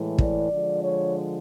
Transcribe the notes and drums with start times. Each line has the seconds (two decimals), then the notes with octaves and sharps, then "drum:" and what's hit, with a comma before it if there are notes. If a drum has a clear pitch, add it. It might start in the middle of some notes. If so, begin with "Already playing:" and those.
Already playing: A2 E3 G#3
0.18 D5, drum: kick
0.51 D3 F3 G#3
0.83 C#5